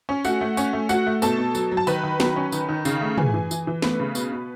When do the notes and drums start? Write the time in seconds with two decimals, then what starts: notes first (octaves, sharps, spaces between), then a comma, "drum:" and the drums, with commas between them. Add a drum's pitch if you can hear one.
0.09 C#4
0.24 A3 F#4 F#5, drum: tambourine
0.41 A3
0.57 C#4, drum: tambourine
0.73 A3
0.89 A3 F#4 F#5, drum: tambourine
1.07 A3
1.22 B2 A4 A5, drum: tambourine
1.38 B2
1.55 F#3, drum: tambourine
1.71 F#3
1.77 A5
1.87 D#3 B4 B5, drum: tambourine
2.03 D#3
2.20 F#3, drum: snare
2.36 C#4
2.52 D#3, drum: tambourine
2.68 D#3
2.85 C#3, drum: tambourine
3.01 A3
3.18 E3 G#4 G#5, drum: tom
3.34 E3
3.51 E3, drum: tambourine
3.67 E3
3.82 A3 B3 B4, drum: snare
4.00 C#3
4.15 B2, drum: tambourine
4.32 B2